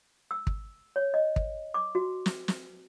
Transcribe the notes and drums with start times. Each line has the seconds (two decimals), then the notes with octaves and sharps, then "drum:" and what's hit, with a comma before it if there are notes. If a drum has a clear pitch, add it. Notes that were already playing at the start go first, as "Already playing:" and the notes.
0.31 E6
0.47 drum: kick
0.96 C#5
1.14 D#5
1.36 drum: kick
1.74 D6
1.95 F#4
2.26 drum: snare
2.48 drum: snare